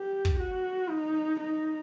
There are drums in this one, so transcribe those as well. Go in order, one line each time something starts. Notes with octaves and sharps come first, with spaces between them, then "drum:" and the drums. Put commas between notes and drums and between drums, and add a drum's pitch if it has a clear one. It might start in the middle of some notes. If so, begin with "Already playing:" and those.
Already playing: G4
drum: kick
F#4
D#4
D#4